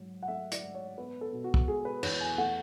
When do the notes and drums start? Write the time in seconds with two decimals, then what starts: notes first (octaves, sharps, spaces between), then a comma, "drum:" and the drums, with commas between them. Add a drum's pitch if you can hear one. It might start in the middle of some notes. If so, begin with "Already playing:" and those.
Already playing: G#2 F#3
0.23 F#5
0.28 A3 E5
0.52 D5, drum: hi-hat
0.63 G#2
0.75 C#5
0.98 B3 B4
1.21 A4
1.32 B2
1.44 F#4
1.54 drum: kick
1.68 G#3 G#4
1.85 B4
2.03 E2 C#5, drum: cymbal
2.20 G#5
2.38 A3 F#5